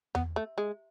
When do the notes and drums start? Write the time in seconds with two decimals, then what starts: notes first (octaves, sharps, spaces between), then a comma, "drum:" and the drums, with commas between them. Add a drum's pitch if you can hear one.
0.15 B3, drum: tom E2
0.36 A3
0.58 G#3